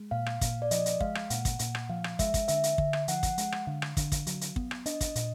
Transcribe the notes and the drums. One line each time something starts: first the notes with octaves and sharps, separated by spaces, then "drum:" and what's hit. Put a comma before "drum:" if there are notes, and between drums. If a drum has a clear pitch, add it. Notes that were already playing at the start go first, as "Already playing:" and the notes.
Already playing: G#3
A#2 F5
drum: rim click
A#2, drum: kick, hi-hat
D5
F3 D#5, drum: hi-hat
drum: hi-hat
G#3 F5, drum: kick
drum: rim click
A#2 F#5, drum: hi-hat
drum: kick, hi-hat
A#2 F#5, drum: hi-hat
drum: rim click
F3 F5
drum: rim click
G#3 E5, drum: kick, hi-hat
drum: kick, hi-hat
D3 E5, drum: hi-hat
drum: hi-hat
D3, drum: kick
drum: rim click
F3 F#5, drum: hi-hat
drum: kick, hi-hat
G#3, drum: hi-hat
drum: rim click
D3 F5
drum: rim click
D3, drum: kick, hi-hat
drum: kick, hi-hat
F#3, drum: hi-hat
drum: hi-hat
B3, drum: kick
drum: rim click
D4 D#5, drum: hi-hat
drum: kick, hi-hat
A#2, drum: hi-hat